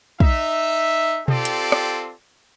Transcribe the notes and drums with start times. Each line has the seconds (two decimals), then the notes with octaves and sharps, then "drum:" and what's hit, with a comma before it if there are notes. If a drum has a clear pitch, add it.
0.20 D#4 E5, drum: kick
1.28 C4 F4 G4 A4 D5, drum: tom B2
1.45 drum: hi-hat
1.72 drum: rim click